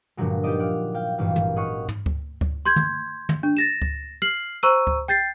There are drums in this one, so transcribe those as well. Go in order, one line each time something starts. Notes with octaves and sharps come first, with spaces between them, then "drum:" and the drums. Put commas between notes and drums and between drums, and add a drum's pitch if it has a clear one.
G2 A#2 D3 F3 F#3 G#3
D#4 F4 G4 C5 D5 D#5
F#5 D6 F6
F5 G5
G#1 G2 A#2 E3 F5
drum: tom
G#4 D#5 F#5 C#6 F6
drum: tom
drum: kick D2
drum: kick D2
C6 G6 G#6
drum: tom
drum: tom
D4
A6 A#6 E7
drum: kick D2
F6 C7 F#7
C5 A#5 C#6 E6 D#7
drum: kick D2
G5 G6 A6 C7